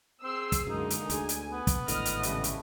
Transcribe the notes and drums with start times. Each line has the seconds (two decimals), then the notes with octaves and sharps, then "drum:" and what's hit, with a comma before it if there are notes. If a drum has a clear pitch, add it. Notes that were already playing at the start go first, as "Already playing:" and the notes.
0.24 C4 G#4 E6 C7
0.52 drum: kick, hi-hat
0.67 F#2 D3 G#3 A#3 D#4
0.90 drum: hi-hat
1.10 D2 D3 G#5, drum: hi-hat
1.29 drum: hi-hat
1.52 B3
1.67 drum: kick, hi-hat
1.88 G#1 A2 D3 D#5 F6, drum: hi-hat
2.05 drum: hi-hat
2.23 C#3 G3 A3, drum: hi-hat
2.44 drum: hi-hat